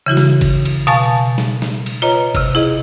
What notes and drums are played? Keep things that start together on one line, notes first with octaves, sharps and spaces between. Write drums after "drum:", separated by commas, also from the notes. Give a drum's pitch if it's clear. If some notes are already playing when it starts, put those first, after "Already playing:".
C#3 E3 E4 F#4
drum: snare
drum: kick, cymbal
drum: cymbal
B2 F5 G#5 A5 C#6 A6, drum: cymbal
drum: snare
drum: snare
drum: cymbal
F4 B4 C#5 D#5 A#5
C3 F6, drum: kick, cymbal
E4 G#4 D#5